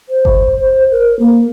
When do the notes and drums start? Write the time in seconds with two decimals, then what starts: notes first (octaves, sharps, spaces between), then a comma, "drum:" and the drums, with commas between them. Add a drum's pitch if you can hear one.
0.09 C5
0.25 drum: kick G1
0.91 A#4
1.19 A#3